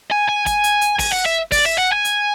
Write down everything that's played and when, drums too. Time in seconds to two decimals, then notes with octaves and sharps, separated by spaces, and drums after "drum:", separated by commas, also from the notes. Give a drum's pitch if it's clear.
0.11 G#5
0.28 G#5
0.46 G#5, drum: kick, hi-hat
0.64 drum: hi-hat
0.81 drum: hi-hat
0.99 G#5, drum: kick, open hi-hat
1.12 F#5
1.25 E5
1.52 D5, drum: kick, open hi-hat
1.65 E5
1.78 F#5
1.92 G#5
2.05 drum: hi-hat